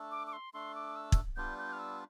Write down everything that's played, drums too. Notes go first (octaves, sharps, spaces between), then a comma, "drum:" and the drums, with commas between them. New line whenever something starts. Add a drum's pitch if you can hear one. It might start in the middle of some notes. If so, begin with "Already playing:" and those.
Already playing: A3 D4 A4
D6
D6
C6
A3 D4 A4 C6
D6
E6
drum: kick
G3 B3 D4 F4 G6
G6
F6
E6